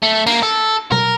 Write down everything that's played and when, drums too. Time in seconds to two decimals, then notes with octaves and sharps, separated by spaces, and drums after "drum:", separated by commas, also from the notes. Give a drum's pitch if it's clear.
0.03 A3
0.27 A#3, drum: cymbal
0.43 A4
0.92 A#4, drum: tom B2